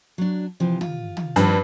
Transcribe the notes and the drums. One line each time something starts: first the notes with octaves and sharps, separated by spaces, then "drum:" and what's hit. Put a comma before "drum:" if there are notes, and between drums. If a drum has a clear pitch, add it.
F#3 D4
C3 E3 F3
F4, drum: tom
drum: tom
G2 D#3 F3 C4, drum: hi-hat